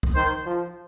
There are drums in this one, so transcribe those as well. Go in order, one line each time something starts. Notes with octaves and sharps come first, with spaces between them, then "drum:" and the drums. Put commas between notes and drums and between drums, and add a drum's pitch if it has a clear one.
drum: kick
D#3 C5
F3